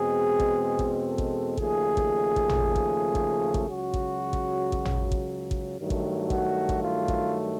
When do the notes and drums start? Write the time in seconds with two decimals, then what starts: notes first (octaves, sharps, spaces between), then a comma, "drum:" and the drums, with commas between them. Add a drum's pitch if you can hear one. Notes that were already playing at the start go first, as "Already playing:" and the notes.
Already playing: E2 B2 G#3 C4 G#4
0.40 drum: kick A1
0.79 drum: kick A1
1.05 A4
1.18 drum: kick A1
1.57 D#2 C#3 F3 A3 G#4, drum: kick A1
1.97 drum: kick A1
2.36 drum: kick A1
2.49 drum: tom
2.76 drum: kick A1
3.15 drum: kick A1
3.54 drum: kick A1
3.67 C#2 C#3 F#3 F#4
3.94 drum: kick A1
4.33 drum: kick A1
4.72 drum: kick A1
4.85 drum: tom
5.12 drum: kick A1
5.51 drum: kick A1
5.78 G2 D#3 F#3 A3
5.90 drum: kick A1
6.30 F#4, drum: kick A1
6.69 drum: kick A1
6.82 F4
7.08 drum: kick A1